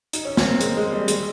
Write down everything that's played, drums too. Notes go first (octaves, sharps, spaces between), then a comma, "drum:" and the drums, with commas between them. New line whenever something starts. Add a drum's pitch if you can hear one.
D#4, drum: hi-hat
C#4
C4, drum: snare A#3
A#3
G#3, drum: hi-hat
G#3
G3
G#3, drum: hi-hat